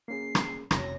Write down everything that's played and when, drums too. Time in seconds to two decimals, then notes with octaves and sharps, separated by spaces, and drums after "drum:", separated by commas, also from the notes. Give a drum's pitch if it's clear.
0.08 A#3 C#4 G#4 C7
0.35 drum: rim click
0.71 F1 F#2 A#6, drum: rim click